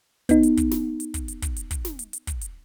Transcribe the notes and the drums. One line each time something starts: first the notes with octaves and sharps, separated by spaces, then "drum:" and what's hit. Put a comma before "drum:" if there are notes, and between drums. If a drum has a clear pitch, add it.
B3 D#4, drum: kick, hi-hat
drum: hi-hat
drum: kick, hi-hat
drum: snare
drum: hi-hat
drum: kick, hi-hat
drum: hi-hat
drum: kick, hi-hat
drum: hi-hat
drum: kick, hi-hat
drum: snare
drum: hi-hat
drum: hi-hat
drum: kick, hi-hat
drum: hi-hat